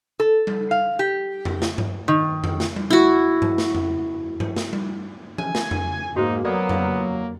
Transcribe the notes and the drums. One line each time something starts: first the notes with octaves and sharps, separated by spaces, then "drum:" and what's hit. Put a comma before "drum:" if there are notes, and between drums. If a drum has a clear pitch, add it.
A4
drum: tom G3
F5
G4
drum: tom F2
drum: snare
drum: tom G2
D#3
drum: tom F2
drum: snare
drum: tom G3
E4 F#4
drum: tom G2
drum: snare
drum: tom F2
drum: tom G2
drum: snare
drum: tom G3
G#5, drum: tom E3
drum: snare
drum: tom F2
G#2 A#3 D#4 F#4 C5
F#3 A#3 B3 A4 D5 D#6
drum: tom F2